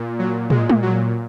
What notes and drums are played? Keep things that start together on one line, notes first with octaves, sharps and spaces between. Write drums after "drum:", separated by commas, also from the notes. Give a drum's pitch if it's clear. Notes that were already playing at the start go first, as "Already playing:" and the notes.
Already playing: A#2
F#3
A#2 G#3, drum: tom
drum: tom
F#3